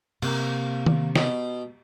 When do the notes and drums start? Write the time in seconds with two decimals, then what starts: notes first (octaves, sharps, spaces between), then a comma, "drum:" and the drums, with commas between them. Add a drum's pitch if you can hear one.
0.22 C3 A#3, drum: cymbal
0.86 drum: tom D#3
1.16 B2, drum: snare